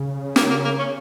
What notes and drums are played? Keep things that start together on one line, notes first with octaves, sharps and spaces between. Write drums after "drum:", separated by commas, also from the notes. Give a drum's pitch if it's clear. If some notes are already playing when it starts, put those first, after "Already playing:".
Already playing: C#3
A#3, drum: snare
A#3
A#3
C#4